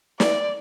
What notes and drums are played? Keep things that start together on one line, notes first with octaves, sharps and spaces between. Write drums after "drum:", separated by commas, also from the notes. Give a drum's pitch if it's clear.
D5, drum: snare